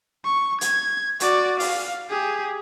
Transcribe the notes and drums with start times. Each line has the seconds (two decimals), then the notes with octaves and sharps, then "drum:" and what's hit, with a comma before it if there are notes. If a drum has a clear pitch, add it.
0.25 C#6
0.61 G#6, drum: hi-hat
1.20 F#4 D5, drum: hi-hat
1.60 F5, drum: open hi-hat
2.10 G4 G#4